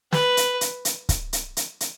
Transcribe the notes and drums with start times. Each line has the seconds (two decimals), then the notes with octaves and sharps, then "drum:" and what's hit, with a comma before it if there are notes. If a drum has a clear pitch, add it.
0.13 B4, drum: snare
0.37 drum: hi-hat
0.61 drum: hi-hat
0.85 drum: hi-hat
1.09 drum: kick, hi-hat
1.33 drum: hi-hat
1.57 drum: hi-hat
1.80 drum: hi-hat